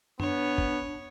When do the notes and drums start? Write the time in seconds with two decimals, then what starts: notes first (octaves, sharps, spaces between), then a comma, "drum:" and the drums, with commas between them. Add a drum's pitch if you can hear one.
0.20 B3 D4 C#5, drum: tom F#2
0.58 drum: kick F#1